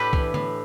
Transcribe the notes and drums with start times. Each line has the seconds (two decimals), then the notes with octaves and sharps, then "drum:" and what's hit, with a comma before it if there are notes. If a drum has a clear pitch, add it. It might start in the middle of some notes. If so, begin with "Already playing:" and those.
Already playing: A2 D4 G4 A4 B4
0.13 E3, drum: kick C2
0.34 A2, drum: tom